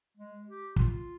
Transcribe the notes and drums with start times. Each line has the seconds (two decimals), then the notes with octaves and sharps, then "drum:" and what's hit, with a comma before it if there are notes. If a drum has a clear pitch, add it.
0.17 G#3
0.47 G4
0.76 F4, drum: kick